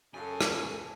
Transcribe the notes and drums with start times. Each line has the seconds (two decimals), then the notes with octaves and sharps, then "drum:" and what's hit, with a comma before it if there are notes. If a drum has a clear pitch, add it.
0.14 F#2 C#3 G#4 A4 G#5
0.41 drum: rim click